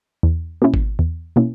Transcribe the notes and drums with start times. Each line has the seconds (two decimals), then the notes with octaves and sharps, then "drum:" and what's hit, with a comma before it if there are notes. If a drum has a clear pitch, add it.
0.23 E2
0.62 B2 A#3 C#4 E4
0.74 drum: kick G#1
0.99 E2
1.36 B2 A#3 C#4 E4